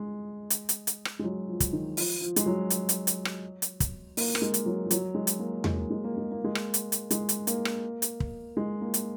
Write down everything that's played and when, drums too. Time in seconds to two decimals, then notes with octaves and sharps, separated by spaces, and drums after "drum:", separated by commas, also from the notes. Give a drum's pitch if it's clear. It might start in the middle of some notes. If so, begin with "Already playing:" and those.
Already playing: G#3
0.50 drum: hi-hat
0.69 drum: hi-hat
0.87 drum: hi-hat
1.05 drum: rim click
1.19 G#3
1.24 F#3
1.48 F3
1.60 drum: kick, hi-hat
1.73 D#3
1.97 F3, drum: open hi-hat
2.21 F3
2.36 G#3, drum: hi-hat
2.46 F#3
2.70 drum: hi-hat
2.89 drum: hi-hat
3.07 drum: hi-hat
3.25 drum: rim click
3.62 drum: hi-hat
3.80 drum: kick, hi-hat
4.17 A#3, drum: open hi-hat
4.35 A#3, drum: rim click
4.42 G#3
4.54 drum: hi-hat
4.66 F#3
4.86 F3
4.91 F#3, drum: hi-hat
5.14 G#3
5.27 drum: hi-hat
5.39 A#3
5.64 G#3, drum: tom E2
5.77 A#3
5.90 G#3
6.04 A#3
6.17 G#3
6.31 A#3
6.44 G#3
6.55 drum: rim click
6.74 drum: hi-hat
6.92 drum: hi-hat
7.11 G#3, drum: hi-hat
7.29 drum: hi-hat
7.47 A#3, drum: hi-hat
7.65 drum: rim click
8.02 drum: hi-hat
8.20 drum: kick
8.57 G#3
8.81 A#3
8.94 drum: hi-hat